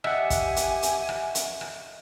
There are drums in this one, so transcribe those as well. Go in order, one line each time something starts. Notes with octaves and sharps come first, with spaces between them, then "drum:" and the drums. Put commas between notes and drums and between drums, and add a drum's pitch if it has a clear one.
G4 D#5 E5 F#5 G#5, drum: rim click
drum: kick, hi-hat
drum: hi-hat
drum: hi-hat
drum: rim click
drum: hi-hat
drum: rim click